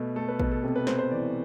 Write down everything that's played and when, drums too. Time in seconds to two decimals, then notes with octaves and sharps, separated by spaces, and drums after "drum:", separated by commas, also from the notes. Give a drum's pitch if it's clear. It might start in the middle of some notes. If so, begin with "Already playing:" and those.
Already playing: B2 A3 B4
0.16 A3 A4
0.28 B4
0.40 B2 B4, drum: kick A1
0.51 A4
0.63 C3 A4
0.76 B4
0.87 C3 C5, drum: snare
0.99 C5
1.11 E3 D5